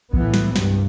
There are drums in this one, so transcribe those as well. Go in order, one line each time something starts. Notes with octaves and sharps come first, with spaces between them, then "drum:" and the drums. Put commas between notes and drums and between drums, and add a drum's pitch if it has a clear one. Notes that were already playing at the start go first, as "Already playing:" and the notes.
A2 E3 B3, drum: kick B1
drum: snare
C2 G2, drum: snare